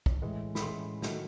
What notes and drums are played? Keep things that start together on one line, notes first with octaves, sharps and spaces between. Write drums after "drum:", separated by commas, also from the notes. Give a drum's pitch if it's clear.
drum: kick
A2 E3 G#3
B5, drum: snare
A2 E3 G#3 C6
D#3 F#3 A3, drum: snare